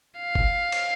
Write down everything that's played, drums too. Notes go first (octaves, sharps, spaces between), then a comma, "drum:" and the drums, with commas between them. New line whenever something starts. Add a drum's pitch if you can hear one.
F5
drum: kick F#1
drum: cymbal